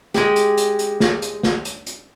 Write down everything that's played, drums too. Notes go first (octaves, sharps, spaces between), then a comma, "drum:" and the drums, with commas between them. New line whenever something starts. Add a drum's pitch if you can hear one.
G#3 G4, drum: snare
drum: hi-hat
drum: hi-hat
drum: hi-hat
drum: snare
drum: hi-hat
drum: snare
drum: hi-hat
drum: hi-hat